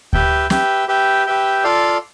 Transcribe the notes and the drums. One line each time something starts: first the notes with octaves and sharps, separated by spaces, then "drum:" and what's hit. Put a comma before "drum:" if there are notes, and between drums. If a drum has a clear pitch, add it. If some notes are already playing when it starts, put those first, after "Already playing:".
G4 B4 E5 G5, drum: kick D2
G4 B4 E5 G5, drum: snare
G4 B4 E5 G5
G4 B4 E5 G5
F4 A4 D5 F5